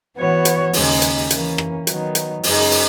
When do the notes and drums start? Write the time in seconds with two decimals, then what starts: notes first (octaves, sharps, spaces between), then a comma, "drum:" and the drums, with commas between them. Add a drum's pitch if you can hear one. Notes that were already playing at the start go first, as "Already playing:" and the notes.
0.16 E3 B3 F#4 C#5
0.45 drum: hi-hat
0.73 D#2 C#3 G#3 D#4, drum: open hi-hat
1.02 drum: hi-hat
1.30 E3 A#3 C#4, drum: hi-hat
1.58 drum: rim click
1.87 D#3 F#3 B3 D#4, drum: hi-hat
2.15 drum: hi-hat
2.43 F#2 C#3 G#3 D#4, drum: open hi-hat
2.71 drum: open hi-hat